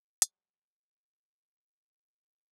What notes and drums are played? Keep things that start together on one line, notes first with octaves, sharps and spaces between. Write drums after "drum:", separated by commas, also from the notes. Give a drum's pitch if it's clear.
F#3 G#3 G4, drum: hi-hat